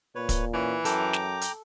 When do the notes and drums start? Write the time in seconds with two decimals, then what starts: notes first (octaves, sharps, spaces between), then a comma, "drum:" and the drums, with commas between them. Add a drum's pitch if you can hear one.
0.15 A#2 B4 C#5
0.29 drum: kick, hi-hat
0.53 E3 C#4
0.85 F#2 A4 G5 A#5 D6, drum: hi-hat
1.13 drum: snare
1.41 drum: hi-hat